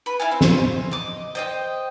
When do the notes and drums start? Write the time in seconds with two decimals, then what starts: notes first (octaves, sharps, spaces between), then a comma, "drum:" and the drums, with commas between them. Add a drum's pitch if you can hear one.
0.06 B4
0.20 E4 F5 G#5
0.31 C4
0.41 drum: snare
0.91 D#5 D6
1.35 C5 D#5 G5